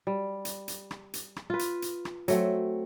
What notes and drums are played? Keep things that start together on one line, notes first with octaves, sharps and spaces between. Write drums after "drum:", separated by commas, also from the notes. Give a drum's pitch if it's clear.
G3
drum: hi-hat
drum: hi-hat
drum: rim click
drum: hi-hat
drum: rim click
F4 B4
drum: hi-hat
drum: hi-hat
drum: rim click
F#3 A3 C4, drum: hi-hat